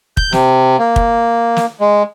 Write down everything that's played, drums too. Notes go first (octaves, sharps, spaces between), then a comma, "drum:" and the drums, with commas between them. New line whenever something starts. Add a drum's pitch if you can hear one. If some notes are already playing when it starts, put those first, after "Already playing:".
G6, drum: kick
C3, drum: snare
A#3
drum: kick
drum: snare
G#3